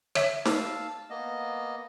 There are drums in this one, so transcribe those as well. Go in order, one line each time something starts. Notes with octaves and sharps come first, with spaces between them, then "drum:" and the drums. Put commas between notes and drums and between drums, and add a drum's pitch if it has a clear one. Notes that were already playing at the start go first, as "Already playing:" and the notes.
C#5 E5, drum: rim click
F5 A5 E6, drum: snare
A#3 B3 D#5